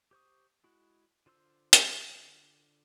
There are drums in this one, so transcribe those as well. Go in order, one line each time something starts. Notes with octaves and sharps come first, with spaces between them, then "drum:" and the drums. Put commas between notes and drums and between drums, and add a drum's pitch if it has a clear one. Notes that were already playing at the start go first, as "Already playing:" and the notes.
G4 C5 C#6 D#6
G#3 E4 F#4
D3 F4 C5 C6 E6
drum: hi-hat